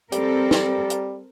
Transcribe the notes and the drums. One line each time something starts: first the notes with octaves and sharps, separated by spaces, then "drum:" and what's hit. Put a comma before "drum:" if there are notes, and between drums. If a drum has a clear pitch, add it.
G3 C4 A4 A#4, drum: hi-hat
drum: snare
drum: hi-hat